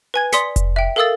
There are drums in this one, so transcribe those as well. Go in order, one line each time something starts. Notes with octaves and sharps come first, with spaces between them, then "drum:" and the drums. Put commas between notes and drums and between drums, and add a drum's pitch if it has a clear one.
B4 G#5 G#6
D5 C6 D#6 B6 C#7, drum: snare
drum: kick F1, hi-hat
E5 G5
A4 A#4 F5 D#6 E6 A6